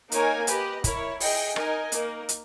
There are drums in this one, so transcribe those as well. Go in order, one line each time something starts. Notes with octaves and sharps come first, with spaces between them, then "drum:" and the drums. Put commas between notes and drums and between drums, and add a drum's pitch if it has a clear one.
A#3 D#4 A#4 C#5 G#5, drum: hi-hat
G4 B4 D#5, drum: hi-hat
E4 A#4 C#5, drum: kick, hi-hat
G#4 D#5 G5, drum: open hi-hat
D#4 A#4 D#5 G#5, drum: rim click
A#3 D#4 A#4, drum: hi-hat
drum: hi-hat